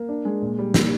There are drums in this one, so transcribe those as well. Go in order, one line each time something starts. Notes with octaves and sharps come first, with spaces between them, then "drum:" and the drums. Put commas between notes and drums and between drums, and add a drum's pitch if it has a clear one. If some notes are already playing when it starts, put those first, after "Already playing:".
Already playing: A#3
D4
G#3
A#2
G3
A#2, drum: snare